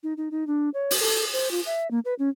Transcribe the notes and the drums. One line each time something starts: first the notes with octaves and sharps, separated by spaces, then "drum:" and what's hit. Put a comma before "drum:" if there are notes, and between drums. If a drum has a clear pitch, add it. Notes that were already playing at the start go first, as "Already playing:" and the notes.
D#4
D#4
D#4
D4
C#5
drum: open hi-hat
A4
C5
F4
E5
A#3
B4
C#4